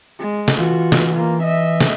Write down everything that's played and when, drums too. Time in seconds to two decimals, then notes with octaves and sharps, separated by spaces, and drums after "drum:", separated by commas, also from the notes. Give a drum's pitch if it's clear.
0.19 G#3
0.48 drum: snare
0.59 E3 F4 F#4
0.92 drum: snare
1.14 A#3 F4
1.43 D#5 E5
1.81 drum: snare